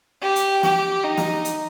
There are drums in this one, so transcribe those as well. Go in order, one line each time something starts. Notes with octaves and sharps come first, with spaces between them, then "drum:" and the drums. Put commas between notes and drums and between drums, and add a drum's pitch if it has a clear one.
G4
drum: hi-hat
G4, drum: snare
D#4
drum: snare
drum: hi-hat